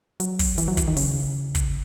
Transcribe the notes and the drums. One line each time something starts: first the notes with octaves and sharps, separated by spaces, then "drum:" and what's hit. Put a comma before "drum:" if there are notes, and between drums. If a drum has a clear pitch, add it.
F#3, drum: hi-hat
drum: kick, open hi-hat
E3, drum: hi-hat
F#3
E3, drum: kick, hi-hat
D#3
C#3, drum: open hi-hat
drum: kick, hi-hat